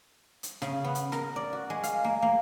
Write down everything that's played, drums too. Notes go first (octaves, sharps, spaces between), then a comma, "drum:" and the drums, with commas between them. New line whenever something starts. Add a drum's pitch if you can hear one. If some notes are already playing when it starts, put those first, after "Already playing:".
drum: hi-hat
C#3, drum: snare
B3
drum: hi-hat
A#4, drum: snare
D5
F#4
G#3
F5, drum: hi-hat
A#3
A#3